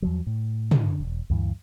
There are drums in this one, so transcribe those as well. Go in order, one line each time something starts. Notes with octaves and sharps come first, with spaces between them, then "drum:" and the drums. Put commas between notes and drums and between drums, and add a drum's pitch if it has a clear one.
E2 F3 F#3
A2
D3, drum: tom
E1
D2 G2 E3